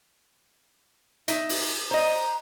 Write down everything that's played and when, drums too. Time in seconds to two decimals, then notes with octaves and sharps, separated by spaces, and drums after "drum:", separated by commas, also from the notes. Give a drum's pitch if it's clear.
1.28 D#4 E5, drum: hi-hat
1.49 drum: open hi-hat
1.91 C5 D#5 A#5